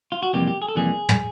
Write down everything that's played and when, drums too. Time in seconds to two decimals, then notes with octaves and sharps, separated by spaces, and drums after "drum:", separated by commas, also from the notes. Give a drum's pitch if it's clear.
0.12 F4
0.23 F#4
0.33 F2 C3 E3 G3 A#3 G4
0.47 G4
0.62 G#4
0.68 A4
0.75 F2 C3 E3 G3 A#3 G#4
1.09 drum: tom